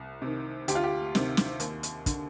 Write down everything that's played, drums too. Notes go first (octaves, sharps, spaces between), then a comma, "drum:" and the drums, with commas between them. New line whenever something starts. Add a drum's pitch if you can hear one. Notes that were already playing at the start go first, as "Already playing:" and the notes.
Already playing: C2
C3 D#3
D2 G4, drum: hi-hat
F4
G4
C3 D#3, drum: snare
drum: snare
D#2, drum: hi-hat
drum: hi-hat
D3, drum: kick, hi-hat